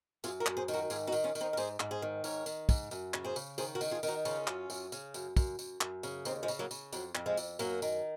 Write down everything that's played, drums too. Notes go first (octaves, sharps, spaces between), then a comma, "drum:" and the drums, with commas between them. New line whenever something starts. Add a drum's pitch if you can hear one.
F#2 F4 G#4, drum: tambourine
F#4 A#4
F#2, drum: clap
G#4 C5
D#3, drum: tambourine
F#4 A#4
G#2 F4 G#4, drum: tambourine
D#4 F#4
D#3, drum: tambourine
C#4 F4
D#3, drum: tambourine
C4 D#4
A#4
G#2 G#4 C5, drum: tambourine
G#2, drum: clap
G#4 C5
D#3
G#2 A#4 C#5, drum: tambourine
D#3, drum: tambourine
G#2, drum: kick, tambourine
F#2, drum: tambourine
C#3, drum: clap
G#4 C5
C#3, drum: tambourine
D#3 G#4 C5, drum: tambourine
F#4 A#4
D#3, drum: tambourine
F4 G#4
D#3, drum: tambourine
D#4 F#4
C#3 C#4 F4, drum: tambourine
F#2, drum: clap
F#2, drum: tambourine
C#3, drum: tambourine
F#2, drum: tambourine
F#2, drum: kick, tambourine
F#2, drum: tambourine
F#2, drum: clap
C#3, drum: tambourine
D#2 C4 D#4, drum: tambourine
F3 G#3
C#3, drum: tambourine
F#3 A#3
C#3, drum: tambourine
F2 F#3, drum: tambourine
F2, drum: clap
F3 G#3
F2, drum: tambourine
F#2 F#3 A#3, drum: tambourine
D#3, drum: tambourine